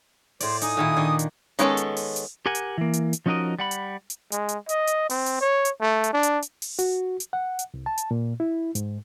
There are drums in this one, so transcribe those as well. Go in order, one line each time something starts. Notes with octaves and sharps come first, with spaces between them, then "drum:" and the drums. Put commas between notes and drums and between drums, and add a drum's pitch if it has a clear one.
A2 C5 D5, drum: open hi-hat
D#4 G#5 D#6, drum: hi-hat
A#2 D#3 E4
D#3 D4
drum: hi-hat
D#3 G#3 B3 C#4 A4, drum: hi-hat
drum: hi-hat
drum: open hi-hat
drum: hi-hat
G4 A#4 F#5 G#5
drum: hi-hat
E3 A#3
drum: hi-hat
drum: hi-hat
F3 C#4 D#4 F#4 A#4 D#5
G3 F#5 B5
drum: hi-hat
drum: hi-hat
G#3, drum: hi-hat
drum: hi-hat
D#5, drum: hi-hat
drum: hi-hat
C4, drum: open hi-hat
drum: hi-hat
C#5
drum: hi-hat
A3
drum: hi-hat
D4
drum: hi-hat
drum: hi-hat
drum: open hi-hat
F#4, drum: hi-hat
drum: hi-hat
F#5
drum: hi-hat
C2
A5
drum: hi-hat
A#2
E4
G#2, drum: hi-hat